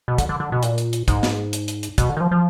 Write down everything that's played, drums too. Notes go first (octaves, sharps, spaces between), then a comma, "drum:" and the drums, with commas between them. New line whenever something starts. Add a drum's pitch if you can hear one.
B2
D3, drum: kick, hi-hat
D3
D3
B2
A#2, drum: hi-hat
drum: hi-hat
drum: hi-hat
G#2, drum: kick, hi-hat
drum: snare
drum: hi-hat
drum: hi-hat
drum: hi-hat
B2, drum: kick, hi-hat
D3
D#3
F3
F3